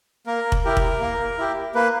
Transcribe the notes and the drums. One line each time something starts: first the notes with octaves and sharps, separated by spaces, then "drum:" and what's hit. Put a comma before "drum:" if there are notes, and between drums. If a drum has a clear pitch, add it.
A#3 A#4
drum: kick F1
E4 G4 A#4
drum: kick F1
A#3
E4 G4
A#3 B4